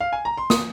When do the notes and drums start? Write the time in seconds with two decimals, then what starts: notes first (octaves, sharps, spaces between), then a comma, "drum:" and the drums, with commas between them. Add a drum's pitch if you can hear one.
0.00 F5
0.13 G#5
0.25 A#5
0.38 C6
0.50 D#6, drum: snare